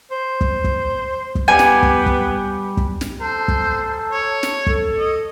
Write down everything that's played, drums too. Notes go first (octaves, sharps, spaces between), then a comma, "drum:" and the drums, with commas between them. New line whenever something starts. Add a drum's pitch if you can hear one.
C5
drum: kick
drum: kick
drum: kick
G3 B3 G4 G#5
drum: snare
drum: kick
drum: kick
drum: kick
drum: snare
A4 C5
drum: kick
C#5
drum: snare
A4, drum: kick
D#5